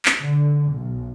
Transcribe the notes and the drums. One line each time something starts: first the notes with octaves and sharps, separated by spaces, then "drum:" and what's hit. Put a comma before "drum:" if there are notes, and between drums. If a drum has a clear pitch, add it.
drum: clap
D3
B1